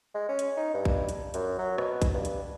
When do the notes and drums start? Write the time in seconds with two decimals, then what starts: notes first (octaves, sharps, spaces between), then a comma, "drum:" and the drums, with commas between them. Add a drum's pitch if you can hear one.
0.15 G#3
0.29 C#4
0.39 drum: hi-hat
0.57 D#4
0.74 G2
0.85 drum: kick
1.09 drum: hi-hat
1.34 F#2, drum: hi-hat
1.59 F#3
1.78 B2, drum: rim click
2.02 drum: kick, hi-hat
2.14 G2
2.25 drum: hi-hat